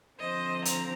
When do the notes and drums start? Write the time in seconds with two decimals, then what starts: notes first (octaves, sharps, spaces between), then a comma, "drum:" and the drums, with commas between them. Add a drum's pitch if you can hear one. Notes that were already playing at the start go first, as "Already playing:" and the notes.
0.20 D3 F3 C4 C5 D#5
0.65 A#5, drum: hi-hat